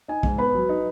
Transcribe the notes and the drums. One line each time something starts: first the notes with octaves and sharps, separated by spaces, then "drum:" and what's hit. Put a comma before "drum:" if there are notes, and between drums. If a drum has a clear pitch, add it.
D#4 G#5
G#2, drum: kick
B3 B4 B5
F#3
D#4